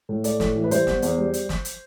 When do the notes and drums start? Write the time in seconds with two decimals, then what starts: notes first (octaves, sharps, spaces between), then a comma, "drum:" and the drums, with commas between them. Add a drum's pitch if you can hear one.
0.09 A2
0.24 A3 D5, drum: hi-hat
0.40 A2, drum: snare
0.56 E3
0.64 B4
0.71 G3 C5, drum: hi-hat
0.87 B3, drum: snare
1.02 E2, drum: hi-hat
1.18 G3
1.34 drum: hi-hat
1.49 drum: snare
1.65 drum: hi-hat